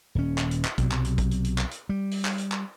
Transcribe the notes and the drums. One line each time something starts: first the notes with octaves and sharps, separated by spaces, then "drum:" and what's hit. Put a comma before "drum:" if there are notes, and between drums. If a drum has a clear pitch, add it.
D#1 C#4
drum: clap
drum: hi-hat
drum: clap
B1 C3 F#3, drum: kick, hi-hat
drum: clap
drum: hi-hat
drum: kick, hi-hat
drum: hi-hat
drum: hi-hat
drum: clap
drum: hi-hat
G3
drum: open hi-hat
drum: clap
drum: hi-hat
drum: clap